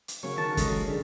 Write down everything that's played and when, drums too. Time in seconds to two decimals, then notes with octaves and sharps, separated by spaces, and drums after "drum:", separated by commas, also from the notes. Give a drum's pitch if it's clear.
0.08 drum: hi-hat
0.23 C#3 F#3 A#3 C#4 C#6
0.38 D#3 F#4 A#4 A5
0.57 C#3 G#3 A4, drum: kick, hi-hat
0.87 F2 D3 D4 G#4